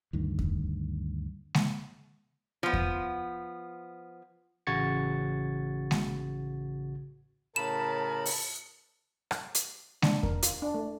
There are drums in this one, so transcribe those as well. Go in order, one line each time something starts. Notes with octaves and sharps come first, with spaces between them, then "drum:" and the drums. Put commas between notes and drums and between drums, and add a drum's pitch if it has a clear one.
D2 G2 D#3
drum: kick E2
drum: snare G#3
F3 B3
drum: kick E2
A1 C#3 F#4 G#6 A6 C#7
drum: snare G#3
A2 C#3 A#4 A5 B5 E7
drum: open hi-hat
drum: rim click
drum: hi-hat
D4, drum: snare G#3
A#4, drum: kick E2
F4, drum: hi-hat
D4
A3